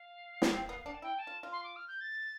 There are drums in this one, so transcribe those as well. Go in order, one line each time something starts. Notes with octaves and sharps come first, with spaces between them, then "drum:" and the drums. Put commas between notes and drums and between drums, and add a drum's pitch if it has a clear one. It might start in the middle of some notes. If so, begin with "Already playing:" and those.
Already playing: F5
B3, drum: snare
C4
B3
D4
A5
E4 G5
A5
F4
F4
C6
D6
F6
G6
A6